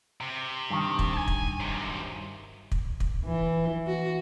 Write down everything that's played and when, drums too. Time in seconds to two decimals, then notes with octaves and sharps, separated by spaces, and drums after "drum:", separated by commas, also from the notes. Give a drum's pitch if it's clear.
0.21 C3
0.70 G2 D#3
0.99 drum: kick
1.13 G#5 A5
1.28 drum: kick
1.60 F#2 C3
2.72 drum: kick
3.00 drum: kick
3.24 E3
3.87 F#4